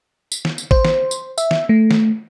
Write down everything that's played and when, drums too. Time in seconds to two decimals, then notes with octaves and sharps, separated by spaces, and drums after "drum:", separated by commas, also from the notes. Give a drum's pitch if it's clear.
0.32 drum: tambourine
0.45 drum: snare
0.58 drum: tambourine
0.71 C5, drum: kick A1
0.85 drum: snare
1.11 drum: tambourine
1.38 E5, drum: tambourine
1.51 drum: snare
1.69 A3
1.91 drum: snare